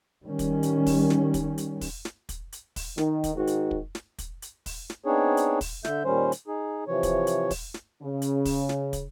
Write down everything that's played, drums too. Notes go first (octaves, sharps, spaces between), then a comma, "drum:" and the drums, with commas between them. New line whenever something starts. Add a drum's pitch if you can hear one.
D#3 G3 C#4
drum: kick, hi-hat
drum: hi-hat
drum: kick, open hi-hat
drum: snare
drum: kick, hi-hat
drum: hi-hat
drum: kick, open hi-hat
drum: snare
drum: kick, hi-hat
drum: hi-hat
drum: kick, open hi-hat
D#3, drum: snare
drum: kick, hi-hat
G#2 D#3 F#4
drum: hi-hat
drum: kick
drum: snare
drum: kick, hi-hat
drum: hi-hat
drum: kick, open hi-hat
drum: snare
B3 C4 D4 D#4 G#4 C#5
drum: hi-hat
drum: kick, open hi-hat
D3 E5 G6, drum: snare
A#2 D#3 G3 C#4 C5
drum: hi-hat
D#4 G#4
C3 E3 F3 C#5
drum: kick, hi-hat
drum: hi-hat
drum: kick, open hi-hat
drum: snare
C#3
drum: hi-hat
drum: kick, open hi-hat
drum: snare
drum: kick, hi-hat